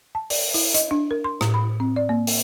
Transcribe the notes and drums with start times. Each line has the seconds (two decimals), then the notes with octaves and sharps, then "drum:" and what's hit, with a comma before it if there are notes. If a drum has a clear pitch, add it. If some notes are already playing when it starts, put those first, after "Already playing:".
0.15 A5
0.30 D5, drum: open hi-hat
0.54 E4, drum: open hi-hat
0.74 D#5, drum: hi-hat
0.91 D4
1.11 A#4
1.24 C6
1.41 A2, drum: rim click
1.54 B5
1.80 C4
1.96 D5
2.09 A#3
2.27 drum: open hi-hat